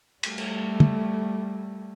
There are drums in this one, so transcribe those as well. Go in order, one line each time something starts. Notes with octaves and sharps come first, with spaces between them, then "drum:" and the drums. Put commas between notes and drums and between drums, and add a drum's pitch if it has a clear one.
G3 A3, drum: cymbal
drum: cymbal
drum: tom